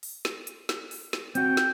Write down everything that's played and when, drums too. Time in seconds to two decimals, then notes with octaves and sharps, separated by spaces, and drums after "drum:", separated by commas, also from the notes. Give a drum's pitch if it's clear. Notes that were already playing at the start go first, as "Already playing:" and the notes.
0.03 drum: open hi-hat
0.25 drum: snare
0.47 drum: hi-hat
0.69 drum: snare
0.91 drum: open hi-hat
1.13 drum: snare
1.35 C4 F#4 G5, drum: hi-hat
1.57 drum: snare